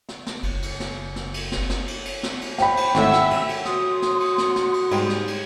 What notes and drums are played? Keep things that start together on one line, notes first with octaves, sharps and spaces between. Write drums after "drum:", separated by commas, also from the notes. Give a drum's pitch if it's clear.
drum: snare
drum: snare
F#1, drum: cymbal
drum: cymbal
drum: snare
drum: snare
drum: cymbal
drum: snare
drum: snare
drum: cymbal
drum: cymbal
drum: snare
drum: cymbal
C5 G5 B5, drum: snare
drum: cymbal
G#1 A2 E5 F#5, drum: snare
drum: snare
drum: cymbal
drum: cymbal
F#4 C6 D#6, drum: snare
drum: snare
drum: cymbal
drum: snare
drum: snare
drum: cymbal
G#2 G3 G#3, drum: cymbal
drum: snare
drum: cymbal